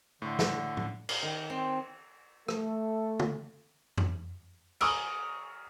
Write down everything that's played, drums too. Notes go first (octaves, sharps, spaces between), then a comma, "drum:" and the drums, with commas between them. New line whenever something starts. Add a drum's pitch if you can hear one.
A2 D3 C6
drum: snare
drum: tom A2
F5, drum: cymbal
D#3
C4
A3 A4, drum: rim click
drum: tom
drum: tom F2
G#5 A#5 C#6 D#6 F6 D7, drum: cymbal